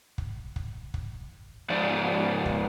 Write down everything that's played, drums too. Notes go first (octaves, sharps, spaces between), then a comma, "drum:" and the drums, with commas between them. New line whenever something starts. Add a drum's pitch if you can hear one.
drum: kick
drum: kick
drum: kick
G#2 F3 D#4 D5
drum: kick